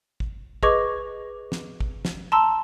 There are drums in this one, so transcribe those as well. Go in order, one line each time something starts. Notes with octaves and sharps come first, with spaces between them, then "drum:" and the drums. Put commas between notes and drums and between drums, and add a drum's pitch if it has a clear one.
drum: kick
G#4 B4 D#5 C#6 D6 G#6, drum: kick
drum: snare
drum: kick
drum: snare
A5 A#5 C6 E6